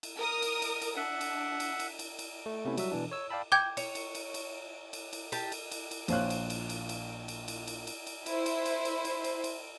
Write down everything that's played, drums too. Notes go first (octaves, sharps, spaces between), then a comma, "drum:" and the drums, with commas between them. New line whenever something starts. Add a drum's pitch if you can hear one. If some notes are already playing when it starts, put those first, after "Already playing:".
drum: cymbal
A#4 D#6
drum: cymbal
drum: cymbal
drum: cymbal
D4 E5 F#5
drum: cymbal
drum: cymbal
drum: cymbal
drum: cymbal
drum: cymbal
A3
C3 A3 B3 C#4 E4
F#3 G3 F#4 E5 E6, drum: cymbal
B2 E3 D4
C#5 E6
D5 F5 G5 A5 B5 E6
G5 D6 G6 G#6
C#5, drum: cymbal
drum: cymbal
drum: cymbal
drum: cymbal
drum: cymbal
drum: cymbal
G4 A5, drum: cymbal
drum: cymbal
drum: cymbal
drum: cymbal
A#1 A#2 C5 C#5 F5 F#6, drum: cymbal
drum: cymbal
drum: cymbal
drum: cymbal
drum: cymbal
drum: cymbal
drum: cymbal
drum: cymbal
drum: cymbal
drum: cymbal
E4 C5, drum: cymbal
drum: cymbal
drum: cymbal
drum: cymbal
drum: cymbal
drum: cymbal
drum: cymbal